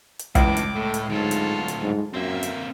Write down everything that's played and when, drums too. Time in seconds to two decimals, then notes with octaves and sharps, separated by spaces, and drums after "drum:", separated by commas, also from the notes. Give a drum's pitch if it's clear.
0.19 drum: hi-hat
0.35 C#2 F#2 A2 E3 D6, drum: kick, hi-hat
0.57 drum: hi-hat
0.75 A2 A3
0.94 drum: hi-hat
1.09 D2 G#2 F#3 F4 A4
1.31 drum: hi-hat
1.68 drum: hi-hat
1.82 G#2
2.14 F#2 A#3 C4 E5
2.43 drum: hi-hat